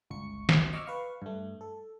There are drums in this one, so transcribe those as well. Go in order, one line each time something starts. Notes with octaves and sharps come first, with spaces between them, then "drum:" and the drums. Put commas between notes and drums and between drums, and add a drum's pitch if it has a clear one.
G1 C#2 C#6 C#7
drum: snare
D#5 C#6 D6 E6 F6
B4 F5 C#6
G2 A3
A4